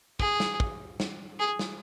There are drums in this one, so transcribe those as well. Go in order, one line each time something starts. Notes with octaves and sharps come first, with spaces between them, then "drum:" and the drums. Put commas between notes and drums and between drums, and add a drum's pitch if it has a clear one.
G#4, drum: kick
drum: snare
drum: kick
drum: snare
G#4
drum: snare